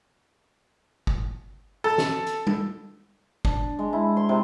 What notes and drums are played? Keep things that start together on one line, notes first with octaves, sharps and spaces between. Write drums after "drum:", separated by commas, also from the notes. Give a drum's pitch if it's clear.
drum: kick G1
A4
drum: snare
drum: hi-hat
drum: tom
D4, drum: kick G1
G#3
E4
C6
C3